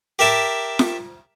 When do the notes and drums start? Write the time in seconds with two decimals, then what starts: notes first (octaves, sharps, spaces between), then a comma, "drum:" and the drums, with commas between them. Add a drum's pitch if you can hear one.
0.19 G4 A#4 E5 A5
0.79 drum: snare F4